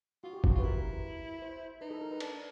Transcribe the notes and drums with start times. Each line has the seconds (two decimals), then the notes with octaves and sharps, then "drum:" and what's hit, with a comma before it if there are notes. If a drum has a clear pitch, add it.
0.24 F4 F#4
0.33 G4
0.44 F#4, drum: kick
0.54 F4 G4
0.59 B4
0.63 E4 A#4
1.42 C5
1.81 D#4 B4
1.91 A4
2.01 A#4
2.11 B4
2.20 D4, drum: cymbal